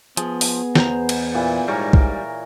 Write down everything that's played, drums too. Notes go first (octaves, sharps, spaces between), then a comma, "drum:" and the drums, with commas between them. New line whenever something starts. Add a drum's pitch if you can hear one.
F3 B3 G#4, drum: hi-hat
drum: open hi-hat
E2 C5 A#5, drum: snare
drum: cymbal
A#2 E3
G#2 G3 A#4 C#5 A#5
drum: kick